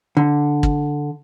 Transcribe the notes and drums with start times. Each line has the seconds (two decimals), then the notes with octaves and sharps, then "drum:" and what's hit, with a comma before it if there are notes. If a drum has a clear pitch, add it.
0.17 D3
0.63 drum: kick